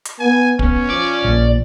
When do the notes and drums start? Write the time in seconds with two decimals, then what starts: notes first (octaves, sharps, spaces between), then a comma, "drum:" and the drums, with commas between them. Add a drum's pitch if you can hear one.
0.05 drum: hi-hat
0.19 B3 G#5
0.59 B3 C#4, drum: kick
0.90 F3 D5
1.25 A#1